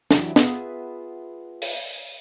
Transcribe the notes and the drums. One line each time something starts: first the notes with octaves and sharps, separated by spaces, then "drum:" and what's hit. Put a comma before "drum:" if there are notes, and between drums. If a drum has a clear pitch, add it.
E3 F#3 D4 E4 G4, drum: snare
B3 F4 G#4 B4 E5, drum: snare
drum: open hi-hat